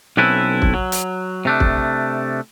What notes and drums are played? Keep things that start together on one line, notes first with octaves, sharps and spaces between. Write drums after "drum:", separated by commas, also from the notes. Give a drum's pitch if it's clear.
B1 C4 C#4 E4 A4 B4
drum: kick
F#3
drum: hi-hat
C3 A3 D4
drum: kick